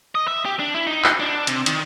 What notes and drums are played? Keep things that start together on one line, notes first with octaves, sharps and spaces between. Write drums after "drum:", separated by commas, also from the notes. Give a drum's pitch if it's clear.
D#5
E5
G4
D4
E4
D#4
drum: clap
D4
C3, drum: hi-hat
D#3, drum: hi-hat